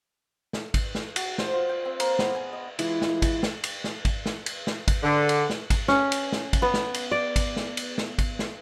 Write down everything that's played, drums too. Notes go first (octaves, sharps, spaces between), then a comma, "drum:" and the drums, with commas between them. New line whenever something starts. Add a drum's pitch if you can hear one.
drum: snare
drum: kick G#1, cymbal
drum: snare
F#4, drum: cymbal
C5, drum: snare
F4
G5
C4
A#3, drum: cymbal
B3, drum: snare
G#5
D#5
E3 G#3 E4 F4, drum: cymbal
drum: snare
drum: kick G#1, cymbal
drum: snare
drum: cymbal
drum: snare
drum: kick G#1, cymbal
drum: snare
drum: cymbal
drum: snare
drum: kick G#1, cymbal
D3
drum: cymbal
drum: snare
drum: kick G#1, cymbal
C#4, drum: snare
drum: cymbal
drum: snare
drum: kick G#1, cymbal
B3
drum: snare
drum: cymbal
D5
drum: kick G#1, cymbal
drum: snare
drum: cymbal
drum: snare
drum: kick G#1, cymbal
drum: snare